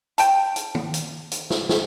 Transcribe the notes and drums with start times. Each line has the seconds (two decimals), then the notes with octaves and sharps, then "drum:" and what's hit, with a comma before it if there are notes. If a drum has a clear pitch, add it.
0.18 G5 A5, drum: hi-hat
0.56 drum: hi-hat
0.75 drum: tom
0.94 drum: hi-hat
1.32 drum: hi-hat
1.50 drum: snare
1.69 drum: snare